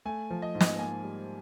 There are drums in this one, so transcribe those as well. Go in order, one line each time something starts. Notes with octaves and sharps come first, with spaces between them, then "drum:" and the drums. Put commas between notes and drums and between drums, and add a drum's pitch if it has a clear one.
A3 G#5
F3
D#5
G#2
D#5, drum: snare
A#3 G#5
G3